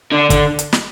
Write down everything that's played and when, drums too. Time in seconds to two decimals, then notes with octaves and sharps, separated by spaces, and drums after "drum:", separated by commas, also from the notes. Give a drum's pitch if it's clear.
0.12 D3
0.30 D3, drum: kick, hi-hat
0.59 drum: hi-hat
0.73 drum: snare